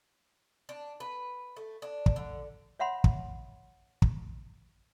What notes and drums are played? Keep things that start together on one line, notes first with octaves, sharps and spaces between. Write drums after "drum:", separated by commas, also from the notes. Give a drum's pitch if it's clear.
D4
B4
A3
D4
drum: kick
D3
C#5 E5 F#5 B5 C6
drum: kick
drum: kick